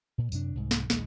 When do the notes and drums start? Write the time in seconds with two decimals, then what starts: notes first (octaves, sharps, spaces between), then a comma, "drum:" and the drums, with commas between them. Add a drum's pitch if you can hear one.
0.18 A#2
0.32 F#2 C3 D4, drum: tambourine
0.55 C2 G#2
0.71 drum: snare
0.90 A#1 D#2 C#3 G#3, drum: snare